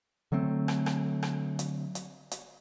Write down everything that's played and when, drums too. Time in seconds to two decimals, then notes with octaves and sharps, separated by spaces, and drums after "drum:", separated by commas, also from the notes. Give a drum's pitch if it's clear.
0.32 D3 F#3 A3 C4
0.68 drum: rim click
0.86 drum: rim click
1.23 drum: rim click
1.59 drum: hi-hat
1.95 drum: hi-hat
2.31 drum: hi-hat